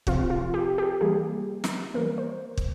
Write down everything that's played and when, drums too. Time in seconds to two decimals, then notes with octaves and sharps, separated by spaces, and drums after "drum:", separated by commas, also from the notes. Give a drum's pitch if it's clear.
0.07 C3 F3 C4 F4, drum: kick
0.30 F4
0.54 G4
0.78 G4
1.01 E3 G3 A#3 G#4
1.64 drum: snare
1.94 E3 G3 A#3 A#4
2.18 C5
2.57 drum: kick